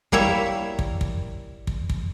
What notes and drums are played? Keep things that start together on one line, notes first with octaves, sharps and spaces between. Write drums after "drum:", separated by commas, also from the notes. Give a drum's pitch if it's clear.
G3 A#3 E4 C#5 E5, drum: kick
drum: kick
drum: kick
drum: kick
drum: kick